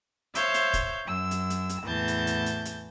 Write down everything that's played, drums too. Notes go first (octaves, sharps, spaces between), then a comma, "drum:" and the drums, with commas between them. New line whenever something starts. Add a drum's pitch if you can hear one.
C5 C#5 E5 F5 G6, drum: hi-hat
drum: hi-hat
drum: kick, hi-hat
F#2 E6
drum: hi-hat
drum: hi-hat
drum: hi-hat
E2 A2 E3 A5 G6
drum: hi-hat
drum: hi-hat
drum: hi-hat
drum: hi-hat